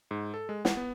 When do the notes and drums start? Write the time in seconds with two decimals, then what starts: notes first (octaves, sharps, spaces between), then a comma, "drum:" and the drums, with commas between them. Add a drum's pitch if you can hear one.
0.11 G#2
0.34 A4
0.49 G#3
0.65 F#5, drum: snare
0.77 B3